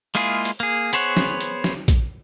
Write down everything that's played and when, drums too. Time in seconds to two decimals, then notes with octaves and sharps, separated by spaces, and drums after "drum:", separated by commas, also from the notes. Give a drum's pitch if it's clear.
0.15 G#3 A#3 E4 F4 G#4
0.45 drum: hi-hat
0.60 A#3 G#4
0.93 B3 G#4 C5 C#5 F#5, drum: hi-hat
1.17 drum: snare
1.40 drum: hi-hat
1.64 drum: snare
1.88 drum: kick A#1, hi-hat